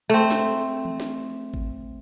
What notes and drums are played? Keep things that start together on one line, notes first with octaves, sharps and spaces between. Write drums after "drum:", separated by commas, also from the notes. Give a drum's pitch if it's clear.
A3 C4
drum: snare
drum: tom E3
drum: snare
drum: kick G#1